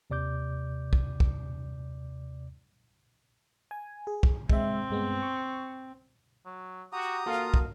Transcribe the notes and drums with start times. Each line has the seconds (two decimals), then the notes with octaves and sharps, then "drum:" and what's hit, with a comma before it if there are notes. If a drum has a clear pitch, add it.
0.10 D#2 C3 D5 D6 G6
0.93 drum: kick
1.20 drum: kick
3.71 G#5
4.07 G#4
4.23 drum: kick
4.50 G#3 C4 E5, drum: kick
4.90 G2 G#3 B3
5.22 C#6
6.45 F#3
6.93 F#4 G4 A#5 D#6
7.26 A#3 F4 F#4 A4 F5
7.54 drum: kick